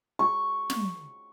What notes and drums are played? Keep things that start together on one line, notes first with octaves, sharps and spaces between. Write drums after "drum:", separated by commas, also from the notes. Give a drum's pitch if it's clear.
C#6
drum: snare